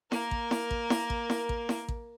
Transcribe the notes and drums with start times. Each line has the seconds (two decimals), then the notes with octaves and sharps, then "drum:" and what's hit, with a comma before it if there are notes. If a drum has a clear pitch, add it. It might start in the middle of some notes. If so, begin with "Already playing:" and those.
0.12 A#3 A#4, drum: snare E4
0.31 drum: kick A1
0.51 drum: snare E4
0.71 drum: kick A1
0.90 drum: snare E4
1.10 drum: kick A1
1.30 drum: snare E4
1.49 drum: kick A1
1.69 drum: snare E4
1.89 drum: kick A1